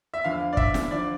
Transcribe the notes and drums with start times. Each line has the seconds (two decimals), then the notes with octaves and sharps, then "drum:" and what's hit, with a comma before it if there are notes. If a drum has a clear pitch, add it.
0.14 E5
0.24 E2 D3 F3 F5
0.53 D5
0.57 E5, drum: kick
0.74 drum: snare
0.91 D3 F3 D5